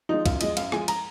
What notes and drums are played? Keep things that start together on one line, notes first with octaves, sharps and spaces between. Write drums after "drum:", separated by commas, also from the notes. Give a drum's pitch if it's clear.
F3 G#3 D#4
F#2 F4, drum: kick, cymbal
F3 G#3 D#5, drum: cymbal
F#2 F5, drum: cymbal
F3 G#3 G#5, drum: rim click
A#5, drum: cymbal